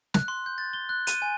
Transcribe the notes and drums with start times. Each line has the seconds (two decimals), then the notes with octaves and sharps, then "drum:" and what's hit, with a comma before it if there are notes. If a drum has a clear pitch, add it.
0.14 F#6, drum: snare
0.28 C6
0.46 G6
0.58 A6
0.73 G7
0.89 F#6
1.07 D#7, drum: hi-hat
1.22 G#5